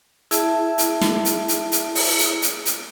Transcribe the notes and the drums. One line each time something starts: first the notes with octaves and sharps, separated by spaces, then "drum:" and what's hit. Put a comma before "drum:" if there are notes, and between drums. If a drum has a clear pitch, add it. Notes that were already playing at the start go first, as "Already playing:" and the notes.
E4 G#4 E5 A5, drum: hi-hat
drum: hi-hat
drum: snare
drum: hi-hat
drum: hi-hat
drum: hi-hat
drum: open hi-hat
drum: hi-hat
drum: hi-hat
drum: hi-hat